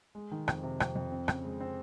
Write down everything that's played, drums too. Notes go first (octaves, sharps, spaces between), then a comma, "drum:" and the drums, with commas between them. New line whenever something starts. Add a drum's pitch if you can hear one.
G#3
D#3
F2, drum: rim click
C3
F2, drum: rim click
F2
C4
C#3, drum: rim click
G#3
C4